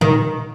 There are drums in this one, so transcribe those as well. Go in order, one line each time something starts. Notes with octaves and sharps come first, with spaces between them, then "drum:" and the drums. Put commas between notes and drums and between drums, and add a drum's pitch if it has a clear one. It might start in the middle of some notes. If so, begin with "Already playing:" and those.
D#3, drum: tom